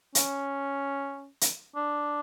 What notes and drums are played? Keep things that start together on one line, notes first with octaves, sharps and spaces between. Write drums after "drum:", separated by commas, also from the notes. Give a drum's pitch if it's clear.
C#4, drum: hi-hat
drum: hi-hat
D4